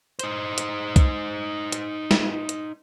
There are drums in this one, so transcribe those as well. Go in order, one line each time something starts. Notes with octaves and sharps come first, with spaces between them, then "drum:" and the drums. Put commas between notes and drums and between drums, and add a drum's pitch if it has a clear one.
D#4 C5, drum: hi-hat
drum: hi-hat
drum: kick C2, hi-hat
drum: hi-hat
drum: snare
drum: hi-hat